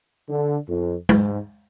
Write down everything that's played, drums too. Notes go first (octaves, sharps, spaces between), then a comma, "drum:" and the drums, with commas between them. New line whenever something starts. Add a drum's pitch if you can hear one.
D3
F2
G#2, drum: tom G#3